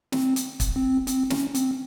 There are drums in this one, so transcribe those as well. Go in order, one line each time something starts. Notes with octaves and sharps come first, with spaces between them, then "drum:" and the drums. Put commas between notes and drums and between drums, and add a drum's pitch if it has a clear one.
C4, drum: snare
drum: hi-hat
drum: kick, hi-hat
C4
C4, drum: hi-hat
C#4, drum: snare
C4, drum: hi-hat